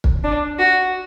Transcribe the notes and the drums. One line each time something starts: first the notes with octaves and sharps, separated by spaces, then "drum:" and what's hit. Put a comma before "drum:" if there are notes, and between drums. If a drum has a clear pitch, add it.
drum: kick
D4
F#4